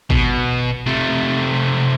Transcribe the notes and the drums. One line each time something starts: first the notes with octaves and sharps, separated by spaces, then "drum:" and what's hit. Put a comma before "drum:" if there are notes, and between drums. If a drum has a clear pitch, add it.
B2, drum: kick
C3 A3